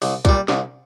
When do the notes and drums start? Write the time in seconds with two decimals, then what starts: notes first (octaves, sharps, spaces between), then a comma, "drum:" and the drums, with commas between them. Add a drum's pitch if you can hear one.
0.02 C2, drum: open hi-hat
0.25 A#2 G3, drum: kick, hi-hat
0.48 C2, drum: snare